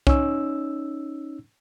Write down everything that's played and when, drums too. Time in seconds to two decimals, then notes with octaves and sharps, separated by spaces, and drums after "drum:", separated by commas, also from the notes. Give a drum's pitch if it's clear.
0.07 C#4 D#4 E6, drum: kick C2